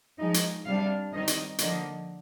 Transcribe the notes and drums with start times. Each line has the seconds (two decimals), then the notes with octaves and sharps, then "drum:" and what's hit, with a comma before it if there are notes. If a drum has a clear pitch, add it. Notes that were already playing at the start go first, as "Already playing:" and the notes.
0.18 F3 G#3 D#4 D#5
0.34 drum: hi-hat
0.65 C3 G3 D4 F5
1.11 D#3 G3 C4 D#4 D#5
1.28 drum: hi-hat
1.58 D3 F3 A#3 D#5, drum: hi-hat